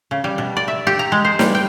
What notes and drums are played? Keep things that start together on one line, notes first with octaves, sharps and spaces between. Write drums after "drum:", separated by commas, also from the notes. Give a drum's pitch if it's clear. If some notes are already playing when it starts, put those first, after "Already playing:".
C#3
G3
B2
D5
E5
G4
A#5
G#3
C5
G3, drum: snare
G5